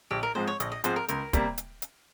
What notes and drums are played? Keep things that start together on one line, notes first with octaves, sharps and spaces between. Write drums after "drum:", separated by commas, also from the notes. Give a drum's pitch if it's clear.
A#1 G4
A#4
G#2 F3 G#3 C4 C5
C#5
A#1 D#5, drum: hi-hat
D#5
G#2 F3 G#3 C4 C5, drum: hi-hat
A#4
C#2 A#4, drum: hi-hat
C3 G3 A#3, drum: kick, hi-hat
drum: hi-hat
drum: hi-hat